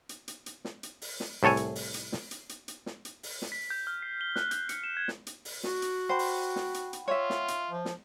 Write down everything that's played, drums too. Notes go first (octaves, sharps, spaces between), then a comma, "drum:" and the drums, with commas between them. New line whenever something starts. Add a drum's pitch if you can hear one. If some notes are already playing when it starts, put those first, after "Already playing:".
drum: hi-hat
drum: hi-hat
drum: hi-hat
drum: snare
drum: hi-hat
drum: open hi-hat
drum: snare
C2 A2 A4 C#5 G#5
drum: hi-hat
drum: open hi-hat
drum: hi-hat
drum: snare
drum: hi-hat
drum: hi-hat
drum: hi-hat
drum: snare
drum: hi-hat
drum: open hi-hat
drum: snare
B6
G6
F6
C7
G7
F#6, drum: snare
G6, drum: hi-hat
C#7, drum: hi-hat
E7
G#6
drum: snare
drum: hi-hat
drum: open hi-hat
F#4, drum: snare
drum: hi-hat
C5 F#5 G5 B5
drum: open hi-hat
drum: snare
drum: hi-hat
drum: hi-hat
F4 C#5 E5
drum: snare
drum: hi-hat
F3
drum: snare